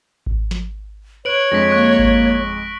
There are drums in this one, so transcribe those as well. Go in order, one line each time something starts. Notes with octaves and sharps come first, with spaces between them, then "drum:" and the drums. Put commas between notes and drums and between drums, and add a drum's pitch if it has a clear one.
drum: kick G#1
drum: snare
B4 C#5 F#6 D7 F#7
F2 G#3 D4 A#6 B6
A#3 C#6 F#6
drum: kick G#1